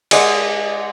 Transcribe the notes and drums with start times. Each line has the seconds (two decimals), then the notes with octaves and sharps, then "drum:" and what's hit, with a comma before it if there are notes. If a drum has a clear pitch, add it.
0.11 G#3 D5 F#5 E6, drum: cymbal